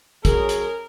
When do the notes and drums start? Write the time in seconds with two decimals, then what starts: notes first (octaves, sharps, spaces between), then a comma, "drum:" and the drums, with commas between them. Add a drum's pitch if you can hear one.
0.25 F#3 C#4 G#4 A#4, drum: kick, hi-hat
0.49 drum: hi-hat